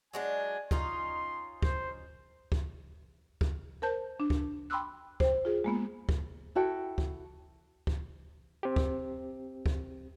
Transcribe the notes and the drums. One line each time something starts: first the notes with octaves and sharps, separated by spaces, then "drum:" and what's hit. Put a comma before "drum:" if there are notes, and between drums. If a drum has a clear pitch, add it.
F#3 G#3 D4 G#5
C#4 D#4 F4 C6, drum: kick
C5, drum: kick
drum: kick
drum: kick
A#4 C5 A5 G6
D4
drum: kick
G5 B5 C6 D6 E6 F#6
C5 G5, drum: kick
F4 G#4
G#3 A#3 B3
drum: kick
E4 F#4 A4 G5
drum: kick
drum: kick
C4 G4
drum: kick
drum: kick